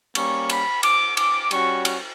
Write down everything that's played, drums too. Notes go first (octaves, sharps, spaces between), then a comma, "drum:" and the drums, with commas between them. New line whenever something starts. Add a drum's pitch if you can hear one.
G3 A#3 C#4 C#6, drum: cymbal
B5, drum: cymbal
D6, drum: cymbal
D6, drum: cymbal
G3 C#4 F#4 C#6, drum: cymbal
drum: cymbal